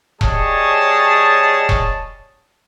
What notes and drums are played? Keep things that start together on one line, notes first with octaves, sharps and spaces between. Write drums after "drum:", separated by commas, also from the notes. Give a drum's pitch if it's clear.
G3 G#4 C#5 D#5 A5, drum: kick E1
drum: kick E1